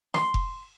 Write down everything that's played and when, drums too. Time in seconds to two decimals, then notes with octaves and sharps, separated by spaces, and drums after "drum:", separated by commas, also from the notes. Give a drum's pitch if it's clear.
0.14 C6, drum: snare
0.34 drum: kick F1